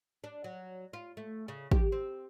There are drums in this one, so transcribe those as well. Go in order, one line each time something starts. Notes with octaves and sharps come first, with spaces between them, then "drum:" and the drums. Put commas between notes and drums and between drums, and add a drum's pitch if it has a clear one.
D4
F#3
F4
A3
C#3
G4, drum: kick
C4